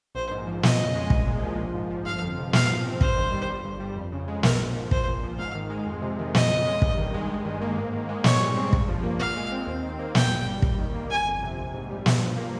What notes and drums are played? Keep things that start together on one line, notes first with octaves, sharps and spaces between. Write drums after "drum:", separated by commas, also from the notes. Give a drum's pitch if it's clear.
A#1 C5
G#2
F3
F2 D#5, drum: snare
C#3
G#3
C2, drum: kick
A#2
F3
A#1
G#2
F3
G1 F5
F2
C3
G#2 F5, drum: snare
F3
C4
G2 C5, drum: kick
D#3
G3
G1
G2
G3
F2
C#3
G#3
A#1 A#4, drum: snare
G#2
F3
A#1 C5, drum: kick
A#2
F3
G#2 F5
D#3
G#3
F2
C3
D#3
F2 D#5, drum: snare
C#3
G#3
G2, drum: kick
D#3
G#3
G2
D#3
A#3
G#2
D#3
G#3
G#2 C#5, drum: snare
G3
C4
G2, drum: kick
F3
A#3
A#2 F5
G#3
C4
D#2
D#3
A#3
G#1 G5, drum: snare
G2
G3
D#2, drum: kick
D#3
A#3
G1 G#5
F2
C3
A#1
G#2
G3
G2, drum: snare
F3
A#3